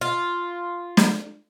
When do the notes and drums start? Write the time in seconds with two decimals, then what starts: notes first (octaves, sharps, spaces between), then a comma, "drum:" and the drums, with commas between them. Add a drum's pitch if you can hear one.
0.01 F4
0.97 drum: snare